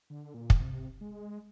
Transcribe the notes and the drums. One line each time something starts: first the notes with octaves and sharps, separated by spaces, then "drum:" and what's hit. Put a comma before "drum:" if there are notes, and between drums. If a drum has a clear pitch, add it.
D3
A#2
drum: kick
C3
G#3